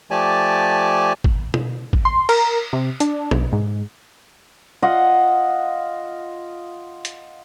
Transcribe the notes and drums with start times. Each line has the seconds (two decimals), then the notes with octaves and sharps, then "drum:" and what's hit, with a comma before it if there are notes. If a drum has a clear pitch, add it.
0.11 F3 A3 G4 D5 G#5 A5
1.24 drum: kick
1.54 drum: tom B2
1.93 drum: kick
2.05 C6
2.29 A#4, drum: cymbal
2.73 C3
3.00 D4, drum: hi-hat
3.31 B1, drum: tom B2
3.53 G#2
4.82 F4 D#5 F#5
7.05 drum: hi-hat